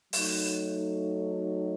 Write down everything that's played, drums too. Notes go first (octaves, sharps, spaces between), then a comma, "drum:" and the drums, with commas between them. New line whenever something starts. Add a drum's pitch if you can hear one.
F#3 A3 D#4, drum: open hi-hat